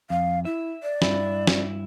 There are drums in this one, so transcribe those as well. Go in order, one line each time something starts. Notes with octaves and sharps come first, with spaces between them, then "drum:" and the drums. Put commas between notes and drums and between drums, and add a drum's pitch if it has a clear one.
F2 F5
E4 E5
D5
G2 E4, drum: snare
drum: snare